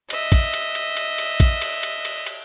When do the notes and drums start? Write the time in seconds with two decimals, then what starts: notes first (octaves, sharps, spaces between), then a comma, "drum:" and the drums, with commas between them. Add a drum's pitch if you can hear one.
0.10 D#5 E5, drum: cymbal
0.32 drum: kick A#1, cymbal
0.53 drum: cymbal
0.75 drum: cymbal
0.97 drum: cymbal
1.18 drum: cymbal
1.40 drum: kick A#1, cymbal
1.62 drum: cymbal
1.83 drum: cymbal
2.05 drum: cymbal
2.26 drum: cymbal